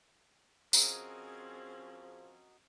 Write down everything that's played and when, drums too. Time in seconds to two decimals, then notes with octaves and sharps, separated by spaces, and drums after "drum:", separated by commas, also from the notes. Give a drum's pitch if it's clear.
0.73 F3 C4 C#4 F#4 G#4 A#4 D#5, drum: tambourine